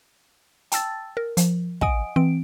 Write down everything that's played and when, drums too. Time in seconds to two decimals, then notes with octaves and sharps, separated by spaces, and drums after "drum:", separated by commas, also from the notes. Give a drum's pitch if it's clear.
0.72 G5 A5 E6 A6, drum: hi-hat
1.17 A#4
1.37 F3, drum: hi-hat
1.81 D#5 F#5 G#5 D#6 D7, drum: kick
2.16 E3 C4 D7